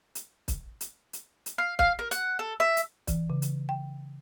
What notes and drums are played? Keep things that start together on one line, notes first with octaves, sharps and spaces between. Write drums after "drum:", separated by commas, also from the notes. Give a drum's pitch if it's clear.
drum: hi-hat
drum: kick, hi-hat
drum: hi-hat
drum: hi-hat
drum: hi-hat
F5
F5, drum: kick
A#4
F#5, drum: hi-hat
A4
E5
drum: hi-hat
E3, drum: kick, hi-hat
C#3
drum: hi-hat
G5